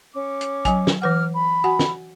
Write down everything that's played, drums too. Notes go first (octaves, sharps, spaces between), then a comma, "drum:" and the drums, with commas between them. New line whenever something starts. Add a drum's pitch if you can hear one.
C#4 D6
drum: hi-hat
F#3 G#5, drum: kick, hi-hat
drum: snare
E3 B4 F#5 D6 F6
B5
F#4 F#5 G#5
drum: snare